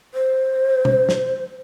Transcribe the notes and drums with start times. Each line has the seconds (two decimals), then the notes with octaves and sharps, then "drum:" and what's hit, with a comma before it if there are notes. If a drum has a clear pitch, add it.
0.14 C5
0.85 drum: tom
1.09 drum: snare